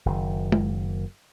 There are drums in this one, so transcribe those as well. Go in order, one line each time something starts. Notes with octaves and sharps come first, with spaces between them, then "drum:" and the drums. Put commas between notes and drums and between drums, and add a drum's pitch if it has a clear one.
F#1 D#3
drum: tom G#3